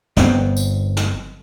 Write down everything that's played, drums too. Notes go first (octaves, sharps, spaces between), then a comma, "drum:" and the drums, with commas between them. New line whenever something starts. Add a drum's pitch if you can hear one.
G1 B3 C4, drum: snare
drum: tambourine
drum: snare